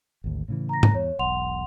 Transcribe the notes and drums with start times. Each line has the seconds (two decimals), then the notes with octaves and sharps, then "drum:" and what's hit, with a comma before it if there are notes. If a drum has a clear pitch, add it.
0.24 G#1 D2
0.48 A2 C#3 E3
0.69 A#5 A#6
0.83 drum: tom G#2
0.95 E2 C#5
1.19 E1 B1 F#5 C6 F7